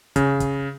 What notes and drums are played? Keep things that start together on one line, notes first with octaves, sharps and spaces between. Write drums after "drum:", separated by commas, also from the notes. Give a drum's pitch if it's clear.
C#3, drum: kick, hi-hat
drum: kick, hi-hat